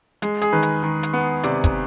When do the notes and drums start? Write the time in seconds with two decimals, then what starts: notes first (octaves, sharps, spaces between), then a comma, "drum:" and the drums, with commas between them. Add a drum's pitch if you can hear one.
0.22 G#3, drum: hi-hat
0.42 G#4, drum: hi-hat
0.53 D#3 B4
0.63 drum: hi-hat
0.83 D#3
1.03 drum: hi-hat
1.13 B3
1.43 C3 D5, drum: hi-hat
1.64 drum: kick, hi-hat